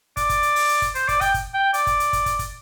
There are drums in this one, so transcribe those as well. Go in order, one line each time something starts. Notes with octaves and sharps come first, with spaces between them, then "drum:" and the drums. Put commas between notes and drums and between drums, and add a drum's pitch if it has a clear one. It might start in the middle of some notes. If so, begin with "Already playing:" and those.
D5, drum: kick, hi-hat
drum: kick, hi-hat
drum: hi-hat
drum: open hi-hat
drum: hi-hat
drum: kick, hi-hat
C5, drum: hi-hat
D5, drum: kick, hi-hat
G5, drum: kick, hi-hat
drum: kick, hi-hat
G5
D5, drum: hi-hat
drum: kick, hi-hat
drum: hi-hat
drum: kick, hi-hat
drum: kick, hi-hat
drum: kick, hi-hat